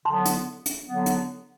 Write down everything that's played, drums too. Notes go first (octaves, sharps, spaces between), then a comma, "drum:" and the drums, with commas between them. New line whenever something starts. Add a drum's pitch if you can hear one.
D3 F#3 B3 A5 C6
drum: hi-hat
drum: hi-hat
D3 F#3 B3
drum: hi-hat